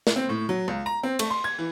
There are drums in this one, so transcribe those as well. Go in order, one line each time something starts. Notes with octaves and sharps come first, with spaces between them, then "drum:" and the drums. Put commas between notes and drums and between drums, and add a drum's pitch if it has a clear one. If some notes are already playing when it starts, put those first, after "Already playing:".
drum: snare
C4
A2
F#3
C#2
A#5
C4
A3, drum: cymbal
C6
G#6
E3